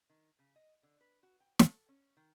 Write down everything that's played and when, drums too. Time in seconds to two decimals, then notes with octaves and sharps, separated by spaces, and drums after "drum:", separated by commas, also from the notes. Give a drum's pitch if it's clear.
0.10 D#3
0.39 C#3
0.56 D#5
0.83 D3
1.01 B4
1.23 F#4
1.40 G5
1.59 A4, drum: snare
1.89 C#4
2.17 D#3